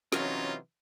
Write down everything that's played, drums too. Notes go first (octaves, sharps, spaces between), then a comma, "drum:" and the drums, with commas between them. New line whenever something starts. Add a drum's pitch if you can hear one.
C3 E3 F#3 C#4 D#4 F4, drum: snare